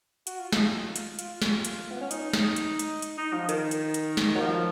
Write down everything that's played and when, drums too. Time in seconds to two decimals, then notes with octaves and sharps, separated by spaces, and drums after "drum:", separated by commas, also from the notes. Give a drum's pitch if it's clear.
0.27 F#4, drum: hi-hat
0.40 F4
0.53 D#4, drum: snare
0.65 F4
0.96 drum: hi-hat
1.19 F4, drum: hi-hat
1.42 drum: snare
1.65 drum: hi-hat
1.91 B3
2.01 C#4
2.11 D#4, drum: hi-hat
2.33 drum: snare
2.56 drum: hi-hat
2.79 drum: hi-hat
3.02 drum: hi-hat
3.18 D#4
3.33 F3
3.49 D#3, drum: hi-hat
3.71 drum: hi-hat
3.94 drum: hi-hat
4.17 drum: snare
4.35 F#3
4.40 F3